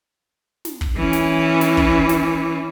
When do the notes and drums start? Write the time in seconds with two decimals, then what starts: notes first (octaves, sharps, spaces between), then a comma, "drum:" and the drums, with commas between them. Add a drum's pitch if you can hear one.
0.65 drum: snare
0.81 drum: kick
0.97 E3 C#4
1.13 drum: snare
1.61 drum: snare
1.77 drum: kick
2.09 drum: snare